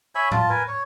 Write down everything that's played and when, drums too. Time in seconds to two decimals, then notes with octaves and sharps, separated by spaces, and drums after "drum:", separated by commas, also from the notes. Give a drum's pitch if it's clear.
0.15 C#5 E5 G#5 B5
0.31 F4 A5, drum: tom A2
0.50 A#4 B4 G#5
0.68 C#5